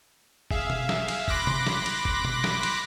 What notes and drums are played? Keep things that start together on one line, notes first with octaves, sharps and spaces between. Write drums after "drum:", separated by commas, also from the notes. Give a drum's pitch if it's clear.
G#4 E5 F5, drum: kick F#1
drum: tom
drum: snare
drum: cymbal
B5 C6 D6 F#6 A#6 B6, drum: kick F#1
drum: tom
drum: snare
drum: cymbal
drum: kick F#1
drum: tom
drum: snare
drum: cymbal